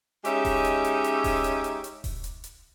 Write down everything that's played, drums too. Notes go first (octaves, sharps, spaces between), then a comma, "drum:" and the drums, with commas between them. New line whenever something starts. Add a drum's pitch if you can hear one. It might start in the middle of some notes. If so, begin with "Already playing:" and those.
G#3 C#4 D#4 G4 C#5 E5, drum: hi-hat
drum: kick D#1, open hi-hat
drum: hi-hat
drum: hi-hat
drum: hi-hat
drum: kick D#1, open hi-hat
drum: hi-hat
drum: hi-hat
drum: hi-hat
drum: kick D#1, open hi-hat
drum: hi-hat
drum: hi-hat